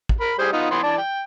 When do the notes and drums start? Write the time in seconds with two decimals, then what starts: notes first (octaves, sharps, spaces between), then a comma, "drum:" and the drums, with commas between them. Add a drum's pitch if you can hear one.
0.09 drum: kick
0.21 A#4 B5
0.39 G3 G#4 C5
0.53 B3 D#4 F4
0.71 E3 B3 C6
0.83 E3 D5 A5
0.98 G5